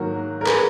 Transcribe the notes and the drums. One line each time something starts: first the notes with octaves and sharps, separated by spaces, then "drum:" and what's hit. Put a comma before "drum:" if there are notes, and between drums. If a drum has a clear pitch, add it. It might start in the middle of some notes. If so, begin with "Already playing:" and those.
Already playing: G#2 D#3 F#3 A#3 F#4 A#4
A#4
G#4 B4, drum: clap